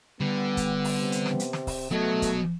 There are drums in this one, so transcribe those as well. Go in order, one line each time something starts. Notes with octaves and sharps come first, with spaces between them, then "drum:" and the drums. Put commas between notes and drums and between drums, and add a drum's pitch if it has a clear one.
D3 G3 B3
drum: kick C#1, hi-hat
drum: open hi-hat
C3
drum: hi-hat
drum: snare
drum: hi-hat
drum: snare
drum: kick C#1, open hi-hat
F#3 A3 B3 F#4 D#5
drum: kick C#1, hi-hat